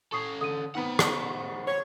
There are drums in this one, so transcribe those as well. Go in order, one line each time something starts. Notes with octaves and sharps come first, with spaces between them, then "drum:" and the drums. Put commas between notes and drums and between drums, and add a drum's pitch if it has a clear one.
C#4 A4 C#6 D#6 C7
D3 D#6 D#7
D#3 B3 C5 F#5
drum: rim click
C#5